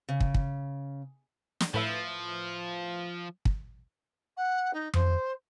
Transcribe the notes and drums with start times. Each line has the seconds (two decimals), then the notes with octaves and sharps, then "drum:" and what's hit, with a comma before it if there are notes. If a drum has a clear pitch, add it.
0.08 C#3
0.20 drum: kick
0.34 drum: kick
1.60 drum: snare
1.74 A2 F3 B4 E5
3.45 drum: kick
4.37 F#5
4.73 D#4
4.94 C5, drum: tom F2